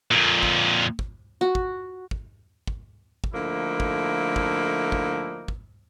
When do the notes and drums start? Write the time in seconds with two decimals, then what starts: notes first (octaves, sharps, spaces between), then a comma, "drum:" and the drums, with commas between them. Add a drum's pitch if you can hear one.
0.11 F2 A#2
0.43 drum: kick
0.99 drum: kick
1.41 F#4
1.55 drum: kick
2.11 drum: kick
2.67 drum: kick
3.24 drum: kick
3.34 D3 F3 A3 A#3 D#4 E4
3.80 drum: kick
4.36 drum: kick
4.92 drum: kick
5.48 drum: kick